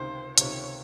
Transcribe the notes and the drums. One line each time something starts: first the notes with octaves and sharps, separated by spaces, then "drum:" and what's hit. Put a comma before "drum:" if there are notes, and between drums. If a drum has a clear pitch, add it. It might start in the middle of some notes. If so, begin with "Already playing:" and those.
Already playing: C#2 C3 D#3 C5
C#2 C3 D#3 C#5, drum: hi-hat